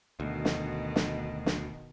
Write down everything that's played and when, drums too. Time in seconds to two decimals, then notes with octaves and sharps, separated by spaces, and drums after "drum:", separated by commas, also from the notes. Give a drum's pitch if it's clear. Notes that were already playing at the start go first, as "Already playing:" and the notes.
0.20 D2 B2 D#3
0.45 drum: snare
0.96 drum: snare
1.46 drum: snare